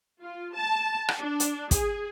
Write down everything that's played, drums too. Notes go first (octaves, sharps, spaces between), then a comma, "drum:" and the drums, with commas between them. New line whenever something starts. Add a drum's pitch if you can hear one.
F4
A5
drum: rim click
D4
drum: hi-hat
G#4, drum: kick, hi-hat